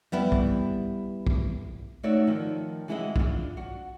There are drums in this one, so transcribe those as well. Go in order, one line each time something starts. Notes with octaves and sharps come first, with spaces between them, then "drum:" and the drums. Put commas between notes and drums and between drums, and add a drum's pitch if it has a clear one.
G3 B3 E4
drum: kick
drum: kick
A3 D#4 F#4 C#5 D5 E5
D#3 F3
E3 G#3 E4 F#4 G#4 D#5
D4 F4, drum: kick
F#4